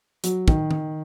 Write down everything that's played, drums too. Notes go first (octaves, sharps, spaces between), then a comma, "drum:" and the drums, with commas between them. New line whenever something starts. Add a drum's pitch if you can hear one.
F#3, drum: hi-hat
D#3, drum: kick
drum: tom D#3